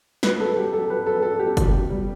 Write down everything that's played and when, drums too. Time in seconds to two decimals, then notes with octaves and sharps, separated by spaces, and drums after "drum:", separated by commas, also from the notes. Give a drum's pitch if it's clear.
0.23 F#3 B4, drum: snare
0.40 A4
0.56 F#3 G4
0.73 A4
0.90 F#3 B4
1.06 A4
1.22 F#3 A4
1.39 G4
1.57 B2, drum: kick, hi-hat
1.90 G3